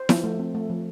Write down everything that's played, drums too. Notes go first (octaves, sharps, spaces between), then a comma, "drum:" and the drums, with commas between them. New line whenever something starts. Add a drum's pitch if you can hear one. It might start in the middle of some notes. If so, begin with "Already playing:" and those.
Already playing: C5
F3, drum: snare E4
A3
C4
A3
F3